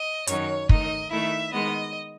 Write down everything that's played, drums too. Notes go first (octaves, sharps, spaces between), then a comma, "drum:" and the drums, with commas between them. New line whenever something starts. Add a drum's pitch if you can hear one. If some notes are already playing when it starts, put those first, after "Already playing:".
Already playing: D#5
F#2 D#3 F#3 C#4 C#5, drum: hi-hat
D#3 A3 D#4 D#5, drum: kick
D#3 A3 E4 E5
D#3 G#3 B3 D#5